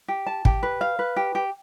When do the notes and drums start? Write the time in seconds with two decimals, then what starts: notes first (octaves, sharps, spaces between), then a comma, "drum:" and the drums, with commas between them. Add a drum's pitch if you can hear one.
0.08 G4
0.27 A5
0.45 G4, drum: kick
0.63 B4
0.81 F5
0.99 B4
1.16 G4
1.35 G4